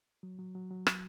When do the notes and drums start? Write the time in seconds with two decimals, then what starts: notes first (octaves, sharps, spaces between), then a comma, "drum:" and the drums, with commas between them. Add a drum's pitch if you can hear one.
0.23 F#3
0.39 F#3
0.55 F#3
0.71 F#3
0.87 F#3, drum: rim click